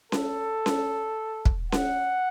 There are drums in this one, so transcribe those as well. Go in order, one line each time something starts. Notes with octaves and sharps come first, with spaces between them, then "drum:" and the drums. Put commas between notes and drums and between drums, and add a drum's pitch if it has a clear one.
A4, drum: snare C#4
drum: snare C#4
drum: kick
F#5, drum: snare C#4